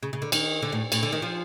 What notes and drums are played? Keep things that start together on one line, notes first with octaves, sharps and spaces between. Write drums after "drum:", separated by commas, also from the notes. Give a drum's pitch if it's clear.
C#3
C#3
D3
D#3, drum: cymbal
D3
A2
A2, drum: cymbal
D3
D#3
F3